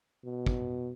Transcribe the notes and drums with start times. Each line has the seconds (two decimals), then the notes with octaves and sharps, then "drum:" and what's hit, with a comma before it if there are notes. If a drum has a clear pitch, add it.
0.25 B2
0.47 drum: kick